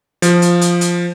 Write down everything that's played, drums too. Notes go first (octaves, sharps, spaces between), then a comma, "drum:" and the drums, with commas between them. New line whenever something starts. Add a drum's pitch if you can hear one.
F3, drum: hi-hat
drum: hi-hat
drum: hi-hat
drum: hi-hat